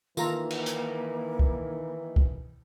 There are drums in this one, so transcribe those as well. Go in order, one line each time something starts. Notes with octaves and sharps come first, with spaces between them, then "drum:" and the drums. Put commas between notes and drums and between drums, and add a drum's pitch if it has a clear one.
D#3 E3 A#3 F4 A4 A#5, drum: tambourine
drum: cymbal
drum: hi-hat
drum: kick
drum: kick